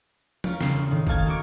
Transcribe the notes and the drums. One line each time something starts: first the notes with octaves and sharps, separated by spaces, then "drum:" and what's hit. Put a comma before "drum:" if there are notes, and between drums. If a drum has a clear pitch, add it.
C#4 F4 A#4, drum: tom F3
E1 C#3 C7, drum: snare
A2 D#3
A3 A#3 D#4 F5 A5 G#6, drum: kick
D#4 F#4 A#4 C#6 D6